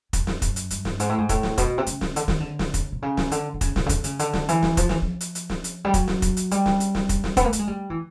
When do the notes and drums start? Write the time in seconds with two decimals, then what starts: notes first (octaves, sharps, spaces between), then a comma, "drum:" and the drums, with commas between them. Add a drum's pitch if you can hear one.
0.13 F2, drum: kick, hi-hat
0.27 drum: snare
0.42 F#2, drum: kick, hi-hat
0.56 drum: hi-hat
0.70 G2, drum: hi-hat
0.85 drum: snare
1.00 G#2, drum: hi-hat
1.09 A2
1.18 G#2
1.29 A2, drum: kick, hi-hat
1.43 drum: snare
1.58 B2, drum: kick, hi-hat
1.78 C3
1.87 C#3, drum: hi-hat
2.01 drum: snare
2.16 D3, drum: hi-hat
2.28 D#3, drum: snare
2.40 D3
2.59 drum: snare
2.74 drum: kick, hi-hat
2.92 C3
3.02 C#3
3.17 drum: snare
3.32 D3, drum: hi-hat
3.54 D3
3.61 C#3, drum: kick, hi-hat
3.76 C3, drum: snare
3.86 C#3
3.89 D3, drum: kick, hi-hat
4.04 C#3, drum: hi-hat
4.19 D3, drum: hi-hat
4.33 drum: snare
4.49 E3, drum: hi-hat
4.62 drum: snare
4.77 F3, drum: kick, hi-hat
4.89 E3, drum: snare
5.02 F3
5.21 drum: hi-hat
5.35 drum: hi-hat
5.50 drum: snare
5.64 drum: hi-hat
5.85 G3
5.94 F#3, drum: kick, hi-hat
6.08 drum: snare
6.22 drum: kick, hi-hat
6.37 drum: hi-hat
6.51 G3, drum: hi-hat
6.66 drum: snare
6.80 drum: hi-hat
6.95 drum: snare
7.09 drum: kick, hi-hat
7.24 drum: snare
7.37 B3, drum: kick, hi-hat
7.44 A#3
7.53 A3, drum: hi-hat
7.59 G#3
7.67 G3
7.90 E3